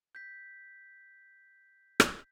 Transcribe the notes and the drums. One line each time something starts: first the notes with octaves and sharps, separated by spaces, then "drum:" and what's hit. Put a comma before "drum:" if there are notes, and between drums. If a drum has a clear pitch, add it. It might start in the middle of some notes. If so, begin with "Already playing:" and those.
G6 B6
drum: rim click